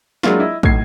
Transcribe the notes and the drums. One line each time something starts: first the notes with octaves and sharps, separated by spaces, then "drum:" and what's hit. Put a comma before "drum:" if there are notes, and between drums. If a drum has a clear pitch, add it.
F#3 G#3 A#3 D4 E4 F4, drum: snare
E4 D#5
B1 A2 G#6 C7, drum: kick